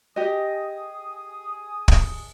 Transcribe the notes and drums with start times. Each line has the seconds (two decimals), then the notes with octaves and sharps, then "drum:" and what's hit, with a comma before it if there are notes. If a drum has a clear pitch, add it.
0.16 G4 G#4 D#5 D#6
1.88 drum: kick